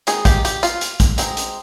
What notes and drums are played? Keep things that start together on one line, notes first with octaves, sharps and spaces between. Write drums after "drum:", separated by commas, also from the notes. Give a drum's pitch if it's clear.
D#3 G#3 C4 D#4 G#4, drum: hi-hat
G4, drum: kick, hi-hat
G4, drum: hi-hat
F4, drum: hi-hat
drum: hi-hat
drum: kick, hi-hat
G#3 C4 D#4, drum: hi-hat
drum: hi-hat